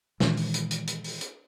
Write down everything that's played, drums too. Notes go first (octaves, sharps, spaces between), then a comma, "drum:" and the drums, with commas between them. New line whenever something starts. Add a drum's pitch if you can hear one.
A#2 D#3 E3 G#3, drum: snare
drum: open hi-hat
drum: hi-hat
drum: hi-hat
drum: hi-hat
drum: open hi-hat
drum: hi-hat